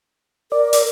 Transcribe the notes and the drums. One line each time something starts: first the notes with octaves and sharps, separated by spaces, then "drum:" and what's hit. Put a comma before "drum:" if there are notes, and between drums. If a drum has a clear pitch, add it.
A#4 D5
drum: open hi-hat